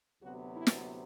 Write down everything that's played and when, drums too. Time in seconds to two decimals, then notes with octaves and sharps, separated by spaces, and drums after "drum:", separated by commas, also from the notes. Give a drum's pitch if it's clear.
0.22 D2 C3 F#3 B3 F#4
0.56 E4
0.67 drum: snare